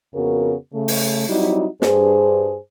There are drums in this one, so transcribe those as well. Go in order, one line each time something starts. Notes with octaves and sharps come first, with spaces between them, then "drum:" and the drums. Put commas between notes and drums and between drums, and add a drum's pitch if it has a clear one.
F2 C#3 B3 F#4 A#4
C#3 A3
drum: open hi-hat
F#3 G3 C4 D#4 E4 F#4
G2 G#4 C5, drum: snare